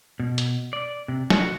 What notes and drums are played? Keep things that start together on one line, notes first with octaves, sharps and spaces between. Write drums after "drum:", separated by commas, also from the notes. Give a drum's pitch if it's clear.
B2
drum: hi-hat
D5
C3
F#4, drum: snare